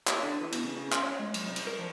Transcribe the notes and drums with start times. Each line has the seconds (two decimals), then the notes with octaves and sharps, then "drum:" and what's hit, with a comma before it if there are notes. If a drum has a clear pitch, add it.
0.07 drum: clap
0.23 D3
0.41 E3
0.52 B2, drum: cymbal
0.64 C#3
0.77 C#3
0.92 C6, drum: clap
1.03 C#5
1.19 G#3
1.34 F#3, drum: cymbal
1.46 C2
1.56 drum: cymbal
1.67 A#4
1.79 F3